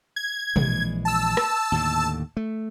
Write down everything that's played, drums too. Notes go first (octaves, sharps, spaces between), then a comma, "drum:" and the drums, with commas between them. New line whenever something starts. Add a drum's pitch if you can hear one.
G#6
A#1 E3 G#3, drum: tom B2
A5 E6
drum: rim click
D#2 A2 D3
A3